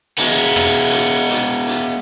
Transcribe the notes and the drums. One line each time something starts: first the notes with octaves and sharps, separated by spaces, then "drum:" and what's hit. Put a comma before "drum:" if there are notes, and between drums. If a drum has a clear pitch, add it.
G#3 B3, drum: hi-hat
drum: rim click
drum: hi-hat
drum: hi-hat
drum: hi-hat